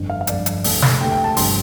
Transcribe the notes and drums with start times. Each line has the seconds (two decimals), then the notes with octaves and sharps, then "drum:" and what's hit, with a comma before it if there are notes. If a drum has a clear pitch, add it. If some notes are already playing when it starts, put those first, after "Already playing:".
Already playing: G1 F2 D3
0.10 F5
0.21 F5
0.27 G1 F2 D3 D5, drum: hi-hat
0.46 drum: hi-hat
0.64 D2 C3 A3, drum: open hi-hat
0.82 drum: snare
1.00 D2 C3 A3 G5
1.12 G5
1.24 A5
1.37 G1 C3 F3 C6, drum: open hi-hat